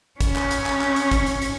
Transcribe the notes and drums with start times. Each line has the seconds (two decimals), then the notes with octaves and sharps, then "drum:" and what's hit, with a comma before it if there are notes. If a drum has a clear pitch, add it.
0.21 C#4, drum: kick, hi-hat
0.36 drum: clap
0.51 drum: hi-hat
0.66 drum: clap
0.81 drum: clap
0.96 drum: hi-hat
1.11 drum: kick, hi-hat
1.27 drum: hi-hat
1.42 drum: hi-hat